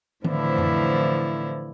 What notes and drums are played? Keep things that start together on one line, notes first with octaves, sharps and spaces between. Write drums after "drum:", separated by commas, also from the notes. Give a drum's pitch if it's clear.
A2 D3 E3 F3 C4 E4, drum: tom D#3
drum: tom F2